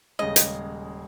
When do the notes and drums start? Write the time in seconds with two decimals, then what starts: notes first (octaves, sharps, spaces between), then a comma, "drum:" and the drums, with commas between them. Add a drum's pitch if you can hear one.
0.19 D#1 C#3 G#3 D#5
0.36 drum: hi-hat